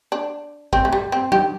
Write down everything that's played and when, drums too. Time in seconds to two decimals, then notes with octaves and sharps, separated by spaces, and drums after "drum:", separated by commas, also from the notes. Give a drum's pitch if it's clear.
0.12 D4
0.73 C4, drum: kick
0.85 A3
0.92 G3
1.12 C4
1.32 G4, drum: tom F#3